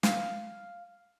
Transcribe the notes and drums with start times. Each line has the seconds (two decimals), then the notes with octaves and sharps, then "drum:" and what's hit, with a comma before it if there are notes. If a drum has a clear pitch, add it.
0.03 F5, drum: snare